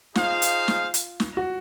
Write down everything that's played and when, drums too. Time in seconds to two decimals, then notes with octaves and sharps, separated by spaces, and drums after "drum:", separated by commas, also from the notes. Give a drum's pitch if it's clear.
0.15 D#4 F4 G#4 C5 F5, drum: snare
0.42 drum: hi-hat
0.68 drum: snare
0.94 drum: hi-hat
1.20 drum: snare
1.37 F#4